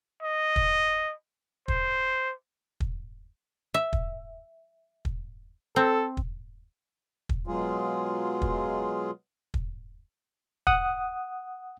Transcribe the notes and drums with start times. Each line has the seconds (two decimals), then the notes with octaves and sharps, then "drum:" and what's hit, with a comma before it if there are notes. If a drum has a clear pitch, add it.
0.23 D#5
0.56 drum: kick
1.68 C5, drum: kick
2.80 drum: kick
3.74 E5
3.93 drum: kick
5.05 drum: kick
5.76 C4 A4
6.17 drum: kick
7.29 drum: kick
7.47 B2 F#3 G#3 F4 G#4
8.42 drum: kick
9.54 drum: kick
10.67 F#5 D#6, drum: kick